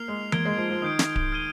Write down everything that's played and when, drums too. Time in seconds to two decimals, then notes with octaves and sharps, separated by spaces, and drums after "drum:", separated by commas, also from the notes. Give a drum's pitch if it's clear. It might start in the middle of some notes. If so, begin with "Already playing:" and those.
Already playing: A#3 F6 C7 F7
0.08 G#3
0.32 A#3 G#6 D7 G7, drum: tom E3
0.45 G#3
0.57 F3
0.70 F3
0.82 D#3 D#6 G6 D7
0.99 drum: snare
1.16 drum: kick D1
1.32 F6 G#6 D#7 G7